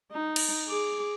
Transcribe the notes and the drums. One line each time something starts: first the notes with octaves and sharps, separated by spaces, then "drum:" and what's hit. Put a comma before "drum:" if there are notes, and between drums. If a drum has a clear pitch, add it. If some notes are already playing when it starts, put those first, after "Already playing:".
D#4
drum: cymbal
G#4 D6